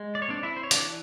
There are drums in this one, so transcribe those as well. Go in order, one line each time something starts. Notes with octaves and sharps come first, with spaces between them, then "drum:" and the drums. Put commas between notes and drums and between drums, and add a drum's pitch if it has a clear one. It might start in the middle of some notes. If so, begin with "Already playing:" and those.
Already playing: G#3
D5
C#5
C4 D4 D5
E4 E5
C5
C#5
E3 D4 D5, drum: hi-hat